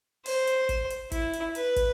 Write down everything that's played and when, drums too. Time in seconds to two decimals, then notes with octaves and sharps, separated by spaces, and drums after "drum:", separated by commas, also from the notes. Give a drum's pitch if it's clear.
0.26 C5, drum: open hi-hat
0.47 drum: hi-hat
0.69 drum: kick, hi-hat
0.90 drum: hi-hat
1.12 E4, drum: kick, hi-hat
1.33 drum: hi-hat
1.55 B4, drum: hi-hat
1.76 drum: kick, hi-hat